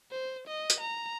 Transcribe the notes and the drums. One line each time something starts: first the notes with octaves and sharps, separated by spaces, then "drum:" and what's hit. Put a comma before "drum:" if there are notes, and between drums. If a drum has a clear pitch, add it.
C5
D#5
drum: hi-hat
A#5